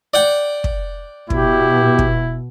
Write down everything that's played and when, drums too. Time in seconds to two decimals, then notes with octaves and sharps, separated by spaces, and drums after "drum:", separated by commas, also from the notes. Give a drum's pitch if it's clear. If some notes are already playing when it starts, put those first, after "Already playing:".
0.14 D5 F#5 G5
0.64 drum: kick
1.30 B2 E4 G4, drum: kick
1.99 drum: kick